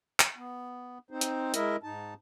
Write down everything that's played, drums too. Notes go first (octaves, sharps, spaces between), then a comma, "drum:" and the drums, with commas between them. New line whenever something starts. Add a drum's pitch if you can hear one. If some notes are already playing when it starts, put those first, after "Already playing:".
drum: clap
B3
C4 D#4 C5
drum: hi-hat
G#3 E4 A#4 D#5 E5, drum: hi-hat
G#2 D#4 A5